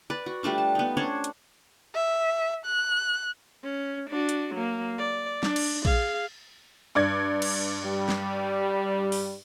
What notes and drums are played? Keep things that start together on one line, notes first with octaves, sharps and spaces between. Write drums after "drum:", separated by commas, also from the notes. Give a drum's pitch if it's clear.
B4 D5
F#4
G3 A3 D4 F4
A5
B3 D#4
C#4 D4 C5 C#5
drum: hi-hat
E5
F#6
C#4
D4 F#4
drum: hi-hat
F#3 A#3
D5
D4, drum: snare
drum: cymbal
G#4 F5, drum: kick A#1
G2 D5 G#6
drum: cymbal
G3
drum: snare
drum: open hi-hat